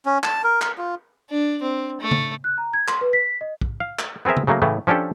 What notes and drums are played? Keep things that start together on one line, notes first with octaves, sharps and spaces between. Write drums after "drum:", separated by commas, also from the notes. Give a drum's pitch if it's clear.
C#4
A5, drum: clap
A#4
A#4, drum: clap
F4
D4
C4
A3
drum: tom C#3
F#6
A#5
G#6
C6, drum: clap
B4
B6
D#5
drum: kick
F5
drum: clap
B3 C4 G#4 A#4 E5
drum: tom C#3
C#3 F#3 A3 A#3
A2 C#3 E3 A3
F3 C#4 D4 G4 A4